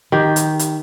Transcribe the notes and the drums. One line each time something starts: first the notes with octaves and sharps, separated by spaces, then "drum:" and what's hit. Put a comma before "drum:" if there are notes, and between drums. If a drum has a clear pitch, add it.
D#3 G4
drum: hi-hat
drum: hi-hat